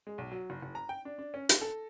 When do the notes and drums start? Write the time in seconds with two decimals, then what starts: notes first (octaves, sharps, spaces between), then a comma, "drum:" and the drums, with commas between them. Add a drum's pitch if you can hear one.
0.07 G#3
0.18 B1
0.32 F#3
0.50 F#1
0.62 F#1
0.75 A#5
0.89 G5
1.05 D4
1.19 D4
1.34 C#4
1.49 A#6, drum: hi-hat
1.61 A4